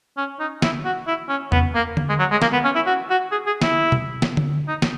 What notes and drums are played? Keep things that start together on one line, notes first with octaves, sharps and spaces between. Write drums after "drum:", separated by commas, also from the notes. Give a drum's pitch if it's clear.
C#4
D#4
E4, drum: snare
F#4
E4
C#4
B3, drum: tom E2
A#3
drum: tom D3
G#3
F#3
G#3
A#3, drum: snare
B3
C#4
E4
F#4
F#4
G#4
G#4
E4, drum: snare
drum: tom B2
drum: snare
drum: tom D3
D#4
drum: snare